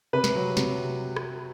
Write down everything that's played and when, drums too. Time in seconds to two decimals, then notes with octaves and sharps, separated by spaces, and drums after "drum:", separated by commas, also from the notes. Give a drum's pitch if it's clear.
0.13 C3 B4
0.24 drum: snare
0.35 F#3
0.57 C3, drum: snare
1.16 drum: rim click